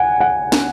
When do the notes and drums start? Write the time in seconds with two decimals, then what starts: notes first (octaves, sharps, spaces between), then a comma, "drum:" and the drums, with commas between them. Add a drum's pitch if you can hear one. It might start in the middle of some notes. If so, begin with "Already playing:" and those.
Already playing: F#5 G#5
0.20 F#5
0.52 drum: snare